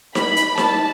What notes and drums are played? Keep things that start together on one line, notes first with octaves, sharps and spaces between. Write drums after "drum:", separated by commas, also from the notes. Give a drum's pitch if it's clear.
B5, drum: snare D#4
drum: hi-hat
A5, drum: snare D#4